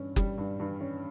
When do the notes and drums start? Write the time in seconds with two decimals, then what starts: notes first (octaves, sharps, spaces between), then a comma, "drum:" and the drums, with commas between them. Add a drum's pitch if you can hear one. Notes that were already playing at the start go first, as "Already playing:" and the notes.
Already playing: G2 C#4
0.16 G3, drum: kick F#1
0.38 G2
0.60 G2
0.81 C#4